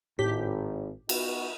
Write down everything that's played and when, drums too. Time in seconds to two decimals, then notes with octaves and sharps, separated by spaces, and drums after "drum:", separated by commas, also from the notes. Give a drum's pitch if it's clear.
0.19 G#1 A2 G4 B6
1.09 B3 D#4 F#4, drum: cymbal